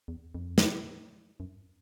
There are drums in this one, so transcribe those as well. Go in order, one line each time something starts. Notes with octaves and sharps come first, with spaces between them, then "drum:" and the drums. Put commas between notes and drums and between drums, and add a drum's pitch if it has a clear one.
E2
F2
drum: snare
F#2